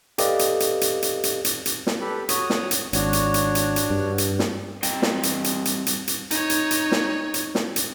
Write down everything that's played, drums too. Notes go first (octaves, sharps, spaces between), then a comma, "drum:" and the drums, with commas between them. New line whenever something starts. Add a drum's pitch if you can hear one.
G4 A4 B4 D5 D#5 F5, drum: hi-hat
drum: hi-hat
drum: hi-hat
drum: hi-hat
drum: hi-hat
drum: hi-hat
drum: hi-hat
drum: hi-hat
drum: snare
G4 A4 B4
F#4 C#5 D#6, drum: hi-hat
drum: snare
drum: hi-hat
G#1 D4 F#4 C#5, drum: hi-hat
drum: hi-hat
drum: hi-hat
drum: hi-hat
drum: hi-hat
G2
drum: hi-hat
drum: snare
G3 C4 D#5 G5, drum: hi-hat
drum: snare
drum: hi-hat
drum: hi-hat
drum: hi-hat
drum: hi-hat
drum: hi-hat
D#4 C#5, drum: hi-hat
drum: hi-hat
drum: hi-hat
drum: snare
drum: hi-hat
drum: snare
drum: hi-hat